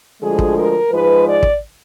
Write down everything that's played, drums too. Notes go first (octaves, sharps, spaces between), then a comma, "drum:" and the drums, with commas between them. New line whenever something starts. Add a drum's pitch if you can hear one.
D2 D3 F3 G#3 G#4
drum: kick
A#4
G#2 F3 G#3 B4
D5
drum: kick